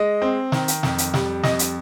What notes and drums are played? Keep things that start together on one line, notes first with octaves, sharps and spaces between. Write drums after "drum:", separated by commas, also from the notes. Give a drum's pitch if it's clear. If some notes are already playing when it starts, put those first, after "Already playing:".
Already playing: G#3 D#5
C4
D#3, drum: snare
drum: hi-hat
F2, drum: snare
drum: hi-hat
G3, drum: snare
F2 D#5, drum: snare
drum: hi-hat